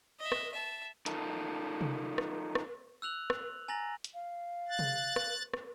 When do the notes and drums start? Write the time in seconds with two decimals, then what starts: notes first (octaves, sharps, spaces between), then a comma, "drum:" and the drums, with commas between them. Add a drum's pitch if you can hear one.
0.20 D#5 E5
0.32 drum: rim click
0.53 E5 A5
1.06 D#4 F4 A4 A#4, drum: hi-hat
1.81 drum: tom C3
2.18 drum: rim click
2.55 drum: rim click
3.02 E6 F#6 F7 F#7
3.30 drum: rim click
3.68 G#5 A#5 A6 A#6 F#7
4.04 drum: hi-hat
4.14 F5
4.69 F#6 A6
4.79 drum: tom C3
5.16 drum: rim click
5.54 drum: rim click